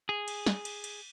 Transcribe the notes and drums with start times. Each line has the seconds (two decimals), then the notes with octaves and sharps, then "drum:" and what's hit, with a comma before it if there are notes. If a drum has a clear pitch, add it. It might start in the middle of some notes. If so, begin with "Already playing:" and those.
0.09 G#4
0.28 drum: cymbal
0.46 drum: snare
0.65 drum: cymbal
0.84 drum: cymbal